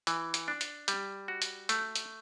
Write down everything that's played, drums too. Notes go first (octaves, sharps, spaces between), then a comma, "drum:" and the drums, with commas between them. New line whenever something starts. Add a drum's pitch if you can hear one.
E3, drum: hi-hat
drum: hi-hat
D4
drum: hi-hat
G3, drum: hi-hat
F#4
drum: hi-hat
A3, drum: hi-hat
drum: hi-hat